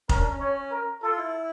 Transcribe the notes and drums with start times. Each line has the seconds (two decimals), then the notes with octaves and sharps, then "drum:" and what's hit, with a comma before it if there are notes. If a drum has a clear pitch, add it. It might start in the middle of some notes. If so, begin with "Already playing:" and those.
0.09 C#4 A#4, drum: kick F1
0.18 D4
0.29 C#4
0.40 C#4 C#5
0.71 A#4
1.02 F4 A4
1.17 E4